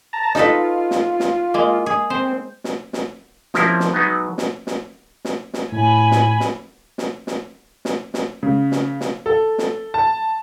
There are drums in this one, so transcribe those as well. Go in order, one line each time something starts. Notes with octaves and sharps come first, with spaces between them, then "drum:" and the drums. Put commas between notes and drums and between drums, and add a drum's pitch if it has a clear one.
A5 A#5
D#4 F4 A4 B4, drum: snare
drum: snare
drum: snare
G#3 A#3
G#4
C4 C5
drum: snare
drum: snare
F3 G3 C4 C#4 E4 A#4, drum: snare
drum: snare
F#3 G#3 B3 D#4
drum: snare
drum: snare
drum: snare
drum: snare
A2 G#5 B5
drum: snare
drum: snare
drum: snare
drum: snare
drum: snare
drum: snare
C#3
drum: snare
drum: snare
A4
drum: snare
A5